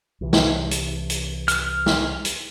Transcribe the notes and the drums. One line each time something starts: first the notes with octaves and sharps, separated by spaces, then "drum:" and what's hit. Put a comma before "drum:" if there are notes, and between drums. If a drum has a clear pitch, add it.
C2 C3 E3
drum: snare
drum: hi-hat
drum: hi-hat
F6, drum: hi-hat
drum: snare
drum: hi-hat